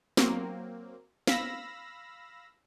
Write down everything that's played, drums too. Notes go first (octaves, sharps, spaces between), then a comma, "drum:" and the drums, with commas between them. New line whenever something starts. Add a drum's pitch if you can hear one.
F#3 A#3 C4, drum: snare
F5 B5 E6 A#6, drum: snare